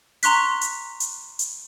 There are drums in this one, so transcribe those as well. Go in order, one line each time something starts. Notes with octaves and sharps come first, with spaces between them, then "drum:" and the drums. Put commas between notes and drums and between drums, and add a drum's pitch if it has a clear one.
A#5 C6 C#6 F#6 B6, drum: hi-hat
drum: hi-hat
drum: hi-hat
drum: hi-hat